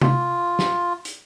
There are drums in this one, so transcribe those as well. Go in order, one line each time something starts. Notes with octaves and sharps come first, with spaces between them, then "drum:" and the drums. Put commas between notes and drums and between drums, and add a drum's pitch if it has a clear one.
F4, drum: tom C3
drum: snare
drum: hi-hat